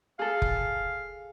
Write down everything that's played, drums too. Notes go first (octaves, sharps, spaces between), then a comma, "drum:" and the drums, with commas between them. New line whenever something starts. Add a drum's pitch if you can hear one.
G#4 A4 F5
drum: kick F1